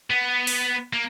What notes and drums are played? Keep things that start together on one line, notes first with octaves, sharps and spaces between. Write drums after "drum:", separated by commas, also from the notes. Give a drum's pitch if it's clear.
B3
drum: open hi-hat
A#3